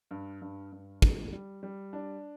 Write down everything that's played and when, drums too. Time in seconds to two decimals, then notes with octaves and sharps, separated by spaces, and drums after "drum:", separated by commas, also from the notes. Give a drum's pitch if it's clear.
0.11 G2
0.42 G2
0.72 G2
1.02 D3, drum: kick
1.32 G3
1.63 G3
1.93 D4